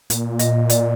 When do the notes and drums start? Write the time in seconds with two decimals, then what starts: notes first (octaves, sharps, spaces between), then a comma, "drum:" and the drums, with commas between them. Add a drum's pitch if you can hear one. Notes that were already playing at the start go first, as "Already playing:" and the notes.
0.10 A#2, drum: hi-hat
0.39 D#5, drum: hi-hat
0.70 D5, drum: hi-hat